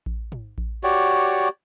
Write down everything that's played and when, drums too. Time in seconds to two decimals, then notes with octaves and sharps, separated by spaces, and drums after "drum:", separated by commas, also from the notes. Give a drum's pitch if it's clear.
0.06 drum: kick A1
0.32 drum: tom
0.58 drum: kick A1
0.83 F#4 G4 C#5 D5